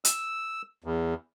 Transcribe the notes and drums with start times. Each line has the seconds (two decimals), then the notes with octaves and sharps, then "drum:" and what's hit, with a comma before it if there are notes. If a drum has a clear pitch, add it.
0.05 E6, drum: hi-hat
0.84 E2